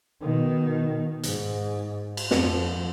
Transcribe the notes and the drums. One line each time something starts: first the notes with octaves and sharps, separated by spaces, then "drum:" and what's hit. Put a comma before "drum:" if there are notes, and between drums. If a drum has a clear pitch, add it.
B2 D#3
G#2, drum: hi-hat
drum: cymbal
F2 F3, drum: snare